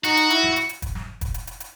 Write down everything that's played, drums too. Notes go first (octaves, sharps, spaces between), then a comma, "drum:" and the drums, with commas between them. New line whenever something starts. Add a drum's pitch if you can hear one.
D#4 F#4, drum: hi-hat
drum: hi-hat
E4, drum: hi-hat
drum: snare
drum: hi-hat
drum: hi-hat
drum: kick, hi-hat
drum: snare
drum: kick, hi-hat
drum: hi-hat
drum: hi-hat
drum: hi-hat